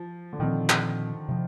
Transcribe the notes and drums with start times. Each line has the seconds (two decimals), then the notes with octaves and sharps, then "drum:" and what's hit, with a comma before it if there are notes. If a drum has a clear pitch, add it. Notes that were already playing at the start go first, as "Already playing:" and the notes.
Already playing: F3
0.33 D3
0.39 A#2 D#3 F3 C4
0.70 drum: clap
1.29 C3 F3